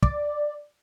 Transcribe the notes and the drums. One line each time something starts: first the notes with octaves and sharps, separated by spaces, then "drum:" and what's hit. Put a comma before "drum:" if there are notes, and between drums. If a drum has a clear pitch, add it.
D5, drum: kick